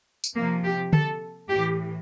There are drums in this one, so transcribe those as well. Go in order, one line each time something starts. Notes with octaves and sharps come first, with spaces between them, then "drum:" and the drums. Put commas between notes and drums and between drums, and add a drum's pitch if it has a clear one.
drum: tambourine
C3 F3 A#3
G4
A4, drum: tom D3
A2 E3 G4